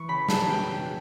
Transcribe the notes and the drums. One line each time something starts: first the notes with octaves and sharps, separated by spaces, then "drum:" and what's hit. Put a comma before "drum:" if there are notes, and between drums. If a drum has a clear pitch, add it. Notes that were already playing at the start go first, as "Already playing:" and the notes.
Already playing: E3 C#6
C#3 B5
C#3 A5, drum: snare
B2 G5
B2